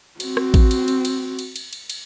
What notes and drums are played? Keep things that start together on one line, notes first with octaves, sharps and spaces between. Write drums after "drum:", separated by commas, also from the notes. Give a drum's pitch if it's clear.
C4 F#4, drum: cymbal
drum: rim click
drum: kick A1, cymbal
drum: cymbal
drum: cymbal
drum: cymbal
drum: cymbal
drum: cymbal
drum: cymbal
drum: cymbal